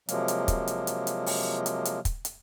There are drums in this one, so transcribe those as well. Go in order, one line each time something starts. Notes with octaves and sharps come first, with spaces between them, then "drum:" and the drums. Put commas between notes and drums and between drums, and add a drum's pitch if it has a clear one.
C3 F3 F#3 G#3 A#3, drum: hi-hat
drum: hi-hat
drum: kick, hi-hat
drum: hi-hat
drum: hi-hat
drum: hi-hat
drum: open hi-hat
drum: hi-hat
drum: hi-hat
drum: kick, hi-hat
drum: hi-hat